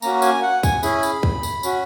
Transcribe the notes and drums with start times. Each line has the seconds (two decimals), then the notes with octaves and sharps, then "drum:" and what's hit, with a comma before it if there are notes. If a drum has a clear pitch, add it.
0.02 A#3 C#4 F#4 A#5, drum: tambourine
0.22 G#5, drum: tambourine
0.42 F#5
0.63 G#5, drum: kick, tambourine
0.83 C#4 E4 G#4 B5, drum: tambourine
1.03 drum: tambourine
1.23 drum: kick
1.43 drum: tambourine
1.63 C#4 F#4, drum: tambourine